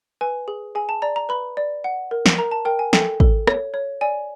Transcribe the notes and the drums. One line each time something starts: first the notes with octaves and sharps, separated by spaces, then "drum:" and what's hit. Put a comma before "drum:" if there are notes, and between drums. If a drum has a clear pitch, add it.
B4 G#5
G#4
G#4 G#5
A5
D5 A#5
A#5
B4 B5
D5
F#5
A#4
drum: snare
A#4 A#5
A5
A#4 G5
G#5
A4 G5, drum: snare
A4, drum: kick
C#5, drum: rim click
C#5
D5 G#5